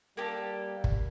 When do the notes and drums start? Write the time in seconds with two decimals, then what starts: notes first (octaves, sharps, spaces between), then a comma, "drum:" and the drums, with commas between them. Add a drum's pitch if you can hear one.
0.17 G3 A#3 G4 A4
0.84 drum: kick